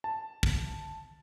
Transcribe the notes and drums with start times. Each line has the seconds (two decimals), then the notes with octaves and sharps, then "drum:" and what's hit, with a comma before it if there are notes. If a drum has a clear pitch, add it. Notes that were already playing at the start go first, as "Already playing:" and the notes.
0.04 A5
0.43 drum: kick